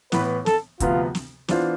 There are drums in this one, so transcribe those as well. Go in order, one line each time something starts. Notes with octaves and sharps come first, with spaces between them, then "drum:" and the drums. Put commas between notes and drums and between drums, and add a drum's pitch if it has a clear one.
A2 E3 B3 B4, drum: snare
A4, drum: snare
D2 C3 F3 B3 F4, drum: kick, hi-hat
drum: snare
E3 B3 D4 F4 C5, drum: snare